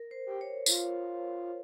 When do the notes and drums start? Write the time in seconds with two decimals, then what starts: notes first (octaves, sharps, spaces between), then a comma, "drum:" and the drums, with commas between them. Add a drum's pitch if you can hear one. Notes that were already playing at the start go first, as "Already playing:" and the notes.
Already playing: A#4
0.11 C5
0.26 G4
0.41 C#5
0.66 E4, drum: tambourine
0.71 F4